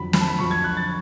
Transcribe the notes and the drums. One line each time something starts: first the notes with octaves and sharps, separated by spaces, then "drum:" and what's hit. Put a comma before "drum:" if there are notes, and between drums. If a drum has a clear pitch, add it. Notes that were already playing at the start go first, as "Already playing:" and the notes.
Already playing: F2 D3 F#3 B5
B5, drum: snare
A5
B5
F2 D3 F#3 C#6
G#6
F#6
A6